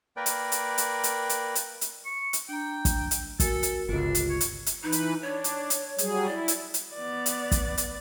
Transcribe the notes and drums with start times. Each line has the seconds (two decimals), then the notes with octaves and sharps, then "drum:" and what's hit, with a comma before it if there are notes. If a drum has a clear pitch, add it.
0.17 A#3 A#4 B4 D5 G5
0.26 drum: hi-hat
0.52 drum: hi-hat
0.78 drum: hi-hat
1.04 drum: hi-hat
1.29 drum: hi-hat
1.55 drum: hi-hat
1.81 drum: hi-hat
2.05 C#6
2.33 drum: hi-hat
2.49 D4 G5 A#5
2.85 drum: kick, hi-hat
3.11 drum: hi-hat
3.40 F#4 A4 A#4 G#5, drum: kick, hi-hat
3.63 drum: hi-hat
3.89 G1 C#2 D4 F4
4.15 drum: hi-hat
4.29 C#5
4.41 drum: hi-hat
4.66 drum: hi-hat
4.83 E3 D#4 B4
4.92 drum: hi-hat
5.22 D4 C#5
5.44 drum: hi-hat
5.70 drum: hi-hat
5.98 F#3 G3 G#4, drum: hi-hat
6.27 E4 D5
6.48 drum: hi-hat
6.74 drum: hi-hat
6.95 B3 D5
7.26 drum: hi-hat
7.52 drum: kick, hi-hat
7.78 drum: hi-hat